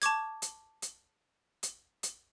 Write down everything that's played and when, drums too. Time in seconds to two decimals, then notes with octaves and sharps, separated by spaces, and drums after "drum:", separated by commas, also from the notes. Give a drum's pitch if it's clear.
0.02 A5 C#6 D6 G#6, drum: hi-hat
0.42 drum: hi-hat
0.82 drum: hi-hat
1.63 drum: hi-hat
2.03 drum: hi-hat